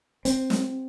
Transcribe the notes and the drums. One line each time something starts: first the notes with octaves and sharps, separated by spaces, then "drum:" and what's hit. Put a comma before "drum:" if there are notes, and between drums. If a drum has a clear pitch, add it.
C4, drum: hi-hat
drum: snare